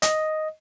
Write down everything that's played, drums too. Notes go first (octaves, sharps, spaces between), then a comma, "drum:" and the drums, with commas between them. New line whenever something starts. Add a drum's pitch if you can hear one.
D#5, drum: hi-hat